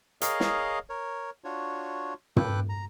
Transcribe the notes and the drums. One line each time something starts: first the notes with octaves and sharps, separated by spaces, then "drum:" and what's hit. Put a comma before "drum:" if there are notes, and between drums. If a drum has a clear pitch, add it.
G#4 A#4 C#5 D#5 F5, drum: hi-hat
drum: snare
A#4 C#5
D4 F4 F#4 C#5
A4 B4 G5 D6 F#6, drum: tom
A#5